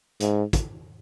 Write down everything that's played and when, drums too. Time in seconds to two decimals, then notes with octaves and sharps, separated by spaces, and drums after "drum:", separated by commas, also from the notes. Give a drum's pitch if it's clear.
0.20 G#2, drum: hi-hat
0.53 drum: kick, hi-hat